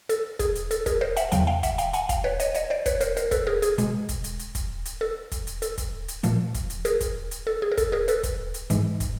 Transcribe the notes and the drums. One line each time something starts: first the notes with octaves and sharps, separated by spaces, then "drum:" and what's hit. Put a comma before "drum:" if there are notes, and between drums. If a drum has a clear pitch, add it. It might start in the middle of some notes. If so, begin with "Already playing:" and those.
A4, drum: hi-hat
G#4, drum: kick, hi-hat
drum: hi-hat
A4, drum: hi-hat
G#4 A#4, drum: kick, hi-hat
A#4 C5
E5 F#5, drum: hi-hat
E2 C#3 F#3 F5 G5, drum: hi-hat
F5 G5
E5 F#5, drum: kick, hi-hat
F5 G5, drum: hi-hat
F#5 G#5, drum: hi-hat
F5 G5, drum: kick, hi-hat
B4 C#5
C#5 D#5, drum: hi-hat
C#5 D#5, drum: hi-hat
C5 D5
B4 C#5, drum: kick, hi-hat
A#4 C5, drum: hi-hat
A#4 C5, drum: hi-hat
A4 B4, drum: kick, hi-hat
G#4 A#4
G#4, drum: hi-hat
B2 G#3, drum: hi-hat
drum: kick, hi-hat
drum: hi-hat
drum: hi-hat
drum: kick, hi-hat
drum: hi-hat
A4
drum: kick, hi-hat
drum: hi-hat
A4, drum: hi-hat
drum: kick, hi-hat
drum: hi-hat
A#2 F3 A3, drum: hi-hat
drum: kick, hi-hat
drum: hi-hat
G#4 A#4, drum: hi-hat
drum: kick, hi-hat
drum: hi-hat
A4
G#4
A#4
A4, drum: kick, hi-hat
G#4 A#4
A4 B4, drum: hi-hat
drum: kick, hi-hat
drum: hi-hat
G#2 E3 G#3, drum: hi-hat
drum: kick, hi-hat